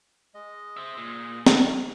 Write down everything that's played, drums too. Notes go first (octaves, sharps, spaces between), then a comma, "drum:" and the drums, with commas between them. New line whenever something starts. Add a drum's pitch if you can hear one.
G#3 D#5
C5 E5
A#2
drum: snare